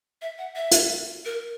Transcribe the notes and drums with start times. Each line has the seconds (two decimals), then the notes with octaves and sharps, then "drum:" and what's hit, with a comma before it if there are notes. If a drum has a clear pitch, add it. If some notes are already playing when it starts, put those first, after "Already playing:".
0.22 E5
0.38 F#5
0.56 E5
0.71 drum: hi-hat
1.25 A#4